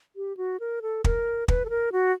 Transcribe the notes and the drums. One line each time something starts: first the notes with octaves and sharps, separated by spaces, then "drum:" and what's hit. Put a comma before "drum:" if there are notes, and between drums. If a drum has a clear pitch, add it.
G4
F#4
A#4
A4
A#4, drum: kick
B4, drum: kick
A4
A#4
F#4